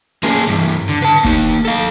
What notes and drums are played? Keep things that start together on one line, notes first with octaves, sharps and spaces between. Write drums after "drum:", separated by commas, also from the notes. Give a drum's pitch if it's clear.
A#3 G#4, drum: snare C#4
G2 E3
D3
B4 A5
A#3 D#4, drum: kick
A4 F5